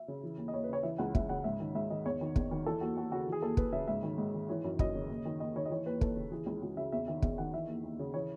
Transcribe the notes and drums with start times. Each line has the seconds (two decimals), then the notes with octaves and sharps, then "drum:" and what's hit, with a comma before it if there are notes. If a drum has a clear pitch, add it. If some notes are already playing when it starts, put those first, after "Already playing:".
Already playing: E5
0.08 C#3
0.23 E3
0.38 D#2
0.48 D#5
0.53 D#2 C#5
0.64 B4
0.69 C#3 C#5
0.83 E3 E5
0.98 C#2 F#5
1.15 C#2 E5, drum: kick
1.29 C#3 F#5
1.44 G#2 E5
1.60 D#3
1.75 G#2 E5
1.90 D#3 D#5
2.05 E2 C#5
2.21 D#3
2.36 E2, drum: kick
2.51 D#3
2.66 E3 A4
2.81 D#2 F#4
2.97 D#2 F#4
3.12 C#3 F#4
3.27 E3 G#4
3.42 D#2 A4
3.57 D#2 B4, drum: kick
3.73 C#3 E5
3.88 G#2 E5
4.03 D#3
4.18 G#2
4.34 D#3
4.49 E3 C#5
4.64 F#2
4.79 F#2 D#5, drum: kick
4.95 C#3
5.09 D#2
5.25 D#3
5.40 D#2 D#5
5.55 D#3 C#5
5.66 D#5
5.71 E3 C#5
5.86 D#2 B4
6.01 D#2 A4, drum: kick
6.16 C#3
6.32 E3 G#4
6.46 C#2
6.62 C#2 F#4
6.77 C#3 E5
6.92 E2 E5
7.08 D#3 E5
7.22 E2 E5, drum: kick
7.38 D#3 F#5
7.54 E3 E5
7.68 D#2
7.84 D#2
7.99 C#3
8.14 E3 C#5